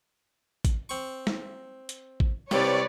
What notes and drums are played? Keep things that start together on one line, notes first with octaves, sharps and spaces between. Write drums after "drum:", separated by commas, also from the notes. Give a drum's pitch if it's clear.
drum: kick, hi-hat
C4 C#6
drum: snare
drum: hi-hat
drum: kick
C2 C3 G3 B4 C#5 D5, drum: snare